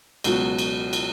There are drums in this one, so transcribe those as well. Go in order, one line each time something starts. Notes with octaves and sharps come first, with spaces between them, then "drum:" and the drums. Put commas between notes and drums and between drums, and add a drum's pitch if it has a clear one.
C#2 B2 F#3 B3 F#4, drum: cymbal
drum: cymbal
drum: cymbal